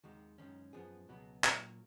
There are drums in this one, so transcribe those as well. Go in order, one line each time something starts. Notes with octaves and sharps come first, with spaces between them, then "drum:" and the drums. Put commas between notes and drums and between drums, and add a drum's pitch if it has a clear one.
D#2 D#3 G#3 F#4
F#2 D#3 G#3 C#4
F#2 F3 B3 G#4
C#2 B2 F#3 B3
A#2 F#3 A#3, drum: clap